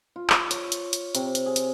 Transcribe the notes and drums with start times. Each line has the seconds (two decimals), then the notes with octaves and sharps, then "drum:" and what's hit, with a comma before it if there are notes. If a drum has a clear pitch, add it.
0.16 F4
0.30 drum: clap
0.51 C#5, drum: hi-hat
0.72 drum: hi-hat
0.93 drum: hi-hat
1.15 C3, drum: hi-hat
1.35 drum: hi-hat
1.46 G#4
1.56 drum: hi-hat